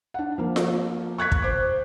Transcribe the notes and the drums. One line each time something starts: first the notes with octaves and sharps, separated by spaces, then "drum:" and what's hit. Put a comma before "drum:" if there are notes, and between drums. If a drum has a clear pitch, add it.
D4 F#5
F3 A#3
drum: snare F4
C#6 F#6 G#6 B6
drum: kick
C5 D6